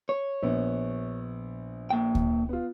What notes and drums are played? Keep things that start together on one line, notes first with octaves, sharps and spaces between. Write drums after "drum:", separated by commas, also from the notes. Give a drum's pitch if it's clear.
C#5
A#1 B3
A#2 G5
drum: kick D2
B3 F4